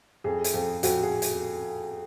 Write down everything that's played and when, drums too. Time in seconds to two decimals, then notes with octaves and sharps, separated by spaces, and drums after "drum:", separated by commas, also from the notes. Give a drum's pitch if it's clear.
0.24 F2 G#4
0.44 drum: hi-hat
0.54 F2
0.83 F2 F#4, drum: hi-hat
1.03 G#4
1.22 drum: hi-hat